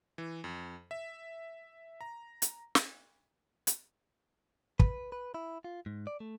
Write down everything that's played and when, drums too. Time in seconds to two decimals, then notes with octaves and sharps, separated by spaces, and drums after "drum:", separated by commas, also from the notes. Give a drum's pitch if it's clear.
0.18 E3
0.44 F2
0.91 E5
2.01 A#5
2.42 drum: hi-hat
2.75 drum: snare
3.67 drum: hi-hat
4.80 B4, drum: kick
5.12 B4
5.34 E4
5.64 F4
5.86 G#2
6.07 D5
6.20 A3